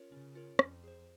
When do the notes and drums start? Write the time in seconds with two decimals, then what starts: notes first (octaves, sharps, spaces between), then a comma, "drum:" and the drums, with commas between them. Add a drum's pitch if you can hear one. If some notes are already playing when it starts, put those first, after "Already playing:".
Already playing: C#4 F4 A#4 C#5
0.12 C#3 C#4
0.35 F4 A#4 C#5
0.59 F2 C#4, drum: rim click
0.84 G#4 C5